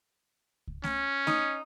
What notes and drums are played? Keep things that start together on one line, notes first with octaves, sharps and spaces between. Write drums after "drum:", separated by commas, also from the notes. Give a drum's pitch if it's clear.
drum: kick C#2
C#4, drum: snare A3
D#4, drum: snare A3